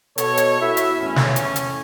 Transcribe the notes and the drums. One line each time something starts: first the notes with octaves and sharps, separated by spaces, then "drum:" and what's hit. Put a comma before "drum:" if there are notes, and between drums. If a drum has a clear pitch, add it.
B2 A4 C#5, drum: hi-hat
drum: hi-hat
E4 F#4 E5
drum: hi-hat
E2 A2 C#4
drum: snare
drum: hi-hat
drum: hi-hat